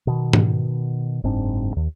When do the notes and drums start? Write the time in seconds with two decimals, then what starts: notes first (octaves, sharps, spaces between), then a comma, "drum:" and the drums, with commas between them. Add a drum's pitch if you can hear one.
0.07 B2 D#3
0.33 drum: tom G#2
1.24 F#1 G#2 C4 D4
1.76 D#2